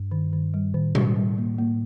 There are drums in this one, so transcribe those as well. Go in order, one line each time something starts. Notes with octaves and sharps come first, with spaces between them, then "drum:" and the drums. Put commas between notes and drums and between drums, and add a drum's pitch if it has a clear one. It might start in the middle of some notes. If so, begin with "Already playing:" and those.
Already playing: G2
D#3
D#3
G3
A2 D#3
G3, drum: tom B2
G3
A#3
A#3